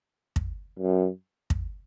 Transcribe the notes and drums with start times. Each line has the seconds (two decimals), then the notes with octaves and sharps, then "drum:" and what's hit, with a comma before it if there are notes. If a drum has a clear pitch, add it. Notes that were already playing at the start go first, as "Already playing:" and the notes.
0.36 drum: kick
0.79 F#2
1.50 drum: kick